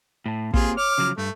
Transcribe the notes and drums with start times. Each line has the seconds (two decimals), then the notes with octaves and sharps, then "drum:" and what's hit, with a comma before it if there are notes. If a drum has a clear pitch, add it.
0.26 A2 A5
0.54 A#3 C4 F4 G4 G#4, drum: kick
0.77 C#5 D6 F6
0.98 C#3 F3 F#3
1.18 G2 A3